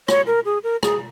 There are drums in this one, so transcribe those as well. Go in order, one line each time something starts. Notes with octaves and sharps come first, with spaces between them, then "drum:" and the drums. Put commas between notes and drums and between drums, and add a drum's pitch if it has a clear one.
C#5, drum: rim click
A#4
G#4
A#4
G#4, drum: rim click